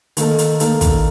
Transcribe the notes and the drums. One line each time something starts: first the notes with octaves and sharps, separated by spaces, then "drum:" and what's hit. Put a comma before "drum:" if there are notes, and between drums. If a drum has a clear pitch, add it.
D#3 A#3 D#4 A4, drum: hi-hat
drum: hi-hat
D#3 A#3 D#4 A4, drum: hi-hat
drum: kick, hi-hat